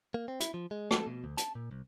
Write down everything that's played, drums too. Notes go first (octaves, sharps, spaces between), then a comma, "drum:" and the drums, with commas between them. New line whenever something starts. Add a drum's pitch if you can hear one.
A#3
C4
E4, drum: hi-hat
F3
G#3
A4, drum: rim click
B2
D2
A5, drum: hi-hat
A#2
C2